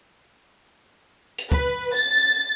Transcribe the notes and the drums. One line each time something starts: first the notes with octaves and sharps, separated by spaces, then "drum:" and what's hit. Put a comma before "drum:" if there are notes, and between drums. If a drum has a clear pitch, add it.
drum: hi-hat
B4, drum: kick
A6, drum: tambourine